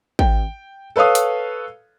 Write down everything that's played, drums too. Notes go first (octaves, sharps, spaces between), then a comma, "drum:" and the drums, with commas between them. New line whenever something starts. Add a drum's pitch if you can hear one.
G5, drum: kick
A4 B4 C#5 F5 D#6
drum: hi-hat